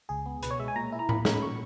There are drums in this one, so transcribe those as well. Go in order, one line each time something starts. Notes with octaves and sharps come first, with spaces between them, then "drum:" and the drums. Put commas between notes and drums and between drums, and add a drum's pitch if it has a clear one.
C#2 G#4
B3
B2 B4, drum: hi-hat
C#5
G#3 E5
G#5
A#2 A#5
E4
A#5
A#3 B5, drum: tom A2
C#4 A#5, drum: snare
B5
A#2 C#6